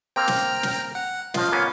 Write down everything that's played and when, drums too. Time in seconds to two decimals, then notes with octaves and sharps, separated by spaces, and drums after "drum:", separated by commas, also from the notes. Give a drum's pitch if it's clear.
0.16 A#3 C4 G5 A#5 F6
0.28 drum: snare
0.63 drum: snare
0.95 F#5
1.34 F3 F4 D#5 F5, drum: snare
1.52 A#3 B3 C#4